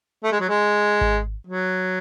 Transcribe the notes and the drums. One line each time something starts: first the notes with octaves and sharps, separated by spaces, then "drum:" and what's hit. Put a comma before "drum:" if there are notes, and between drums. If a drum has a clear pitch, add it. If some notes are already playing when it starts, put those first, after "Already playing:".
A3
G#3
F#3
G#3
drum: kick G#1
F#3